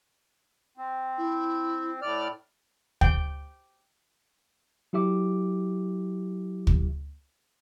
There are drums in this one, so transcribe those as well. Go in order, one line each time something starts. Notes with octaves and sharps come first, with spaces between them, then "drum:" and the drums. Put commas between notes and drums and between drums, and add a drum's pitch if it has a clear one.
C4
E4
A2 D5 F6
G5, drum: kick
F#3 E4 G4 E5 D6
drum: kick